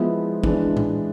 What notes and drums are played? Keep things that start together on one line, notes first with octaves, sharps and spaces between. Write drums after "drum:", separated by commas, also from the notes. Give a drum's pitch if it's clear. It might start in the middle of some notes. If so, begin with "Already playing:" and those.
Already playing: F3 G#3 B3 E4
E3 G#3 D4, drum: kick
drum: tom A2